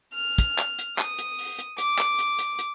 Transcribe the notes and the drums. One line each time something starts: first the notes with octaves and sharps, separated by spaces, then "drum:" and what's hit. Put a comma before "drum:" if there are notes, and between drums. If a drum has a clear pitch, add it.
F6
drum: kick, hi-hat
drum: clap
drum: hi-hat
D#6, drum: clap
drum: hi-hat
drum: open hi-hat
drum: hi-hat
D6, drum: hi-hat
drum: clap
drum: hi-hat
drum: hi-hat
drum: hi-hat